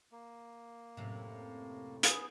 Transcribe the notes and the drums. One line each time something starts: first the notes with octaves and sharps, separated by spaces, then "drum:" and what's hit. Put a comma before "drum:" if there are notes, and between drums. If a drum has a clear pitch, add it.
A#3
F#2 A2 C3
B3 G#4, drum: hi-hat